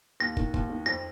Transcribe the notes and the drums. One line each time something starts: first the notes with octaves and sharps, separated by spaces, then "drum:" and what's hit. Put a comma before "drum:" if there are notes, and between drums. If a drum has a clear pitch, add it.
D#2 A#6
D#3, drum: kick
D#2, drum: kick
D#3
F2 A#6